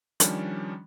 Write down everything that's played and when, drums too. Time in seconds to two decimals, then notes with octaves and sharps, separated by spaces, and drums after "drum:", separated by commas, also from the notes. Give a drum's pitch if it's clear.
0.20 D#3 F3 G3 C#4 D4, drum: hi-hat